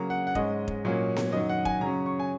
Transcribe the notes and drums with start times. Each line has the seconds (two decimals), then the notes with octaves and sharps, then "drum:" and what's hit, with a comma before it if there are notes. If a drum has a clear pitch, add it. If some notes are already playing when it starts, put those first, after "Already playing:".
Already playing: C#3 F#3 A#3 A#5
0.10 F#5
0.27 F#5
0.35 G#2 G#3 C#4 D#5, drum: kick F1
0.68 drum: kick F1
0.84 A#2 F#3 A#3 C#4
1.16 drum: snare B3
1.32 F#2 D#3 F#3 D#5
1.49 F#5
1.65 G#5, drum: kick F1
1.81 C#3 F#3 C#4 A#5
2.06 C#6
2.19 G#5